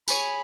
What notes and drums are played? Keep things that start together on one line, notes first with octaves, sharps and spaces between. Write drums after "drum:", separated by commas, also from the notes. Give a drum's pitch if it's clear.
G#4 C#5 G#5 B5, drum: tambourine